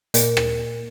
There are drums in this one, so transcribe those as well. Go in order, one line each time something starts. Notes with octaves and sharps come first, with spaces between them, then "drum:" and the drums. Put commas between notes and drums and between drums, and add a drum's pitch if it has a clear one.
A#2, drum: hi-hat
drum: rim click